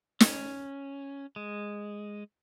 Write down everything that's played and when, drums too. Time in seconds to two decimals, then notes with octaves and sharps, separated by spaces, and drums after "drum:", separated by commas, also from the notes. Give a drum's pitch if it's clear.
0.20 C#4, drum: snare
1.36 G#3